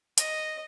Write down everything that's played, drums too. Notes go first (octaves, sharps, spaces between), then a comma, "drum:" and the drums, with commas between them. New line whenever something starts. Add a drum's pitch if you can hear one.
D#5, drum: hi-hat